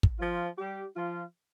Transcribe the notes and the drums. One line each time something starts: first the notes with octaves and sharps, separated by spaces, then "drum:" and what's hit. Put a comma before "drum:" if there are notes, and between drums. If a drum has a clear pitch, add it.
drum: kick
F3 F4
G3 G4
F3 F4